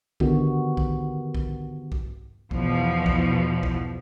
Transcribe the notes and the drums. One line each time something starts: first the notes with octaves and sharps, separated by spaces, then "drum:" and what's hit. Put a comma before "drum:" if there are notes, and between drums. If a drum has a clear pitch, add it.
D3 D#3 B3 F#4 G4, drum: kick B1
drum: kick B1
drum: kick B1
drum: kick B1
E2 B2 F3, drum: kick B1
drum: kick B1
drum: kick B1